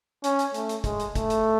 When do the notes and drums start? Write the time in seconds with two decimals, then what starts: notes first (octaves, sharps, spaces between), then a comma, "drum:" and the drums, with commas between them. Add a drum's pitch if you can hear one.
0.24 C#4, drum: hi-hat
0.39 drum: hi-hat
0.54 A3, drum: hi-hat
0.69 drum: hi-hat
0.84 G#3, drum: kick, hi-hat
1.00 drum: hi-hat
1.15 A3, drum: kick, hi-hat
1.30 drum: hi-hat